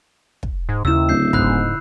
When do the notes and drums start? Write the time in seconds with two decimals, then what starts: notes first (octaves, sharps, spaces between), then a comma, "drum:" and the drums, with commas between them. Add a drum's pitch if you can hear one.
0.43 drum: kick
0.69 G#2
0.85 D#2 C#3 E4 E6 E7
1.09 D1 G6 C7
1.33 G#2 B5 F#6, drum: kick